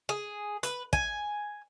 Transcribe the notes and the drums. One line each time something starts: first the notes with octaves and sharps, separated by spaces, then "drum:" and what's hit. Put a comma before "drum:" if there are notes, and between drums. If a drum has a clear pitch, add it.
G#4
B4, drum: hi-hat
G#5, drum: kick